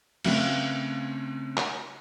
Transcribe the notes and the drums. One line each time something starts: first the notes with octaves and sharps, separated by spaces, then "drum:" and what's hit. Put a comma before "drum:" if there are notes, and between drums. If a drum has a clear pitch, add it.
C#3 A3 C4 B4 F5 G5, drum: cymbal
drum: clap